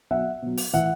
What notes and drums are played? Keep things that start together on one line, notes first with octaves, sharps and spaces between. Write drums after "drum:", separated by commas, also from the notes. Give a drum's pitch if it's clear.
B2 F#3 E5 F#5
B2 F#3
drum: open hi-hat
A2 E3 E5 F#5